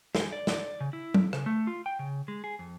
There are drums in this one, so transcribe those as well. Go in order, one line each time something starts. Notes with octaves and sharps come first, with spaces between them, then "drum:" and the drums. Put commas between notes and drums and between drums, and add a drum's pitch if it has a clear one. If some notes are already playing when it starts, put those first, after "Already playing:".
G#3, drum: snare
D5
drum: snare
C#3
E4
drum: tom F#3
C#3, drum: rim click
A3
F4
G5
C#3
G#3
G#4
F2